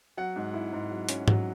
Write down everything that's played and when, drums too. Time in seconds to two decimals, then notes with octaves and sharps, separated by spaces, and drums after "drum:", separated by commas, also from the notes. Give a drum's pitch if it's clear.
0.17 F#3 F#5
0.36 G#2
0.54 E4
0.73 G#2
0.91 F#3
1.09 C#4, drum: hi-hat
1.28 F#3, drum: tom G#2